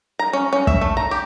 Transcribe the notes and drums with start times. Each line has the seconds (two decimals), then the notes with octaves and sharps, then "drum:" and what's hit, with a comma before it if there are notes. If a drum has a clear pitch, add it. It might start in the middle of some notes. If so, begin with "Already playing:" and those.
0.19 A#5
0.33 C#4
0.53 C#4
0.67 E5, drum: kick
0.81 A3
0.97 A#5
1.11 G4